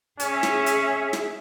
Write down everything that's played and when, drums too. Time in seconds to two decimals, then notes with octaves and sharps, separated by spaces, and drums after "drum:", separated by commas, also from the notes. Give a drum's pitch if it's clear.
0.20 C#4 G#4 E5, drum: hi-hat
0.43 drum: snare
0.66 drum: hi-hat
1.13 drum: snare